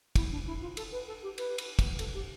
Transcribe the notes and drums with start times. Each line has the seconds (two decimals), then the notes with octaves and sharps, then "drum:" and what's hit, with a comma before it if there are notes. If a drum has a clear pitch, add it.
0.15 E4, drum: kick, cymbal
0.31 D4
0.47 E4
0.61 F4
0.77 A4, drum: cymbal
0.92 B4
1.07 A4
1.23 G4
1.38 B4, drum: cymbal
1.58 drum: cymbal
1.79 drum: kick, cymbal
1.99 A4, drum: cymbal
2.14 G4